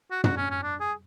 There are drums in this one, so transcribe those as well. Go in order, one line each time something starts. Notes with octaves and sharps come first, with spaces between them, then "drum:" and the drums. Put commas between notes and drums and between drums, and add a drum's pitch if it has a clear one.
F#4
F#4, drum: tom
C#4
C#4
D4
G#4